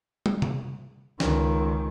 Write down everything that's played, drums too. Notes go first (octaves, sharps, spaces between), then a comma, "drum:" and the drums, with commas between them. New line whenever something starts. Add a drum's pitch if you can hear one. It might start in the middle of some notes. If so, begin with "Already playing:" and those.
drum: tom
drum: tom C3
C#2 D#3, drum: snare